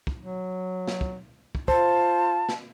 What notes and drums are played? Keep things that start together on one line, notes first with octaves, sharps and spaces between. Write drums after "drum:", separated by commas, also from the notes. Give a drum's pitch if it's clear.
drum: kick
F#3
drum: snare
drum: kick
drum: kick
F4 C5 A5, drum: kick
drum: snare